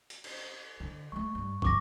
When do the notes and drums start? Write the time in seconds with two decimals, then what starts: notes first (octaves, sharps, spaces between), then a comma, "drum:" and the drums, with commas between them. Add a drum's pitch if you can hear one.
0.10 drum: hi-hat
0.24 drum: cymbal
0.80 D3
1.12 G3 A3 C#6
1.35 G2
1.62 G2 D3 C#6 D6 A#6, drum: kick